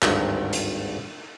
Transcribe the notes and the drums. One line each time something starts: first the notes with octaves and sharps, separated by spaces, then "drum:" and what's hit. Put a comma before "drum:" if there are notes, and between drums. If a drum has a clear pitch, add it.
G#1 D2 G2 E5, drum: clap
drum: hi-hat